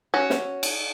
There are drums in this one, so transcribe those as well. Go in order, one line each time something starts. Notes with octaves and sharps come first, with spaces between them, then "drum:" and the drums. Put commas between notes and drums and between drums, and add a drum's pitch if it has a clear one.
C#4 F#4
drum: snare
drum: cymbal